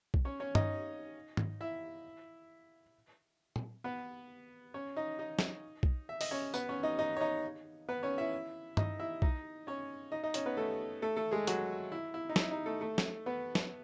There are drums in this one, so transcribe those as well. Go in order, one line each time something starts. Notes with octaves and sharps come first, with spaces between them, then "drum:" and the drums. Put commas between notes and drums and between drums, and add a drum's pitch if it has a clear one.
drum: kick B1
C#4 C#5
C#4 C#5
D#4 D#5, drum: tom
drum: tom G#2
E4 E5
drum: tom A#2
B3 B4
C#4 C#5
D#4 D#5
D#4 D#5
drum: snare
drum: kick B1
E5
D#5, drum: open hi-hat
C#4 C#5
B3 B4, drum: tambourine
C#4 C#5
D#4 D#5
D#4 D#5
C#5
D#4 D#5
B3 B4
C#4 C#5
E4 E5
D#4 D#5, drum: tom
E4 E5
D#4 D#5, drum: kick B1
C#4 C#5
D#4 D#5
D#4 D#5
C#4 C#5, drum: hi-hat
B3 B4
A3 A4
A3 A4
A3 A4
G#3 G#4
F#3 F#4, drum: hi-hat
E4
E4
D#4
E4, drum: snare
D#4
A3 A4
A3 A4
drum: snare
B3 B4
drum: snare